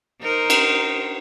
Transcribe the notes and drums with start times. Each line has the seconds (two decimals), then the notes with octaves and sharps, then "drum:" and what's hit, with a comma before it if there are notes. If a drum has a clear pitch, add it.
0.21 D#4 A#4 C5
0.50 drum: cymbal